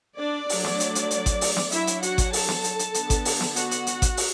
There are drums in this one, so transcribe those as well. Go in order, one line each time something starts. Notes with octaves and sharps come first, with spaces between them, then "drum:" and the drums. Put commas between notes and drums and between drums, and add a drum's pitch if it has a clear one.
D4 D5
F#3 A3 D4, drum: open hi-hat
drum: snare
drum: hi-hat
drum: hi-hat
drum: hi-hat
drum: kick G#1, hi-hat
drum: open hi-hat
drum: snare
F#3 D4 E4 E5, drum: hi-hat
drum: hi-hat
F#4 F#5, drum: hi-hat
drum: kick G#1, hi-hat
A4 A5, drum: open hi-hat
drum: snare
drum: hi-hat
drum: hi-hat
D3 B3 D4, drum: hi-hat
drum: kick G#1, hi-hat
drum: open hi-hat
drum: snare
F#4 F#5, drum: hi-hat
drum: hi-hat
drum: hi-hat
drum: kick G#1, hi-hat
drum: open hi-hat